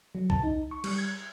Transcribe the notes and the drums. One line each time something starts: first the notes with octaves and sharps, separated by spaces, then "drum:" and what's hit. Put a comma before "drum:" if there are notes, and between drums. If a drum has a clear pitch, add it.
F#3
A5, drum: kick
D#4
C#6
G3, drum: cymbal
G#6